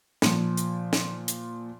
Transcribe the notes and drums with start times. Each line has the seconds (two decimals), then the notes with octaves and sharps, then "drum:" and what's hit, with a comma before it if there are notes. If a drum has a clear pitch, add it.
0.22 A#2 F3, drum: snare
0.57 drum: hi-hat
0.93 drum: snare
1.28 drum: hi-hat